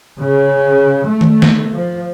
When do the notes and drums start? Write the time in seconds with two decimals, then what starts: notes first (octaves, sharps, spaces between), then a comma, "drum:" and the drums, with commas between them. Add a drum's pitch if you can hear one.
0.18 C#3
1.08 A3
1.21 drum: tom D#3
1.42 drum: snare
1.75 F3